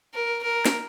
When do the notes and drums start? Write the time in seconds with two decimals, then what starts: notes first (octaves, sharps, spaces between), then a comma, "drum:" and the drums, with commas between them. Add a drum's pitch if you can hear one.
0.14 A#4
0.42 A#4
0.66 drum: snare